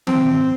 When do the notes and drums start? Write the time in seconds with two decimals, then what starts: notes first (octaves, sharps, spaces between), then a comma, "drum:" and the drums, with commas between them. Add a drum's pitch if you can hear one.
0.07 C4, drum: tom D#3